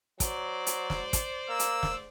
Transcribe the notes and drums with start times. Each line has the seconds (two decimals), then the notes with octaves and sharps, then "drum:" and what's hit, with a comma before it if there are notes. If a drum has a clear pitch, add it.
0.20 F#3 C5 D5, drum: kick, hi-hat
0.67 drum: hi-hat
0.90 drum: snare
1.13 drum: kick, hi-hat
1.50 A#3 E6
1.59 drum: hi-hat
1.83 drum: snare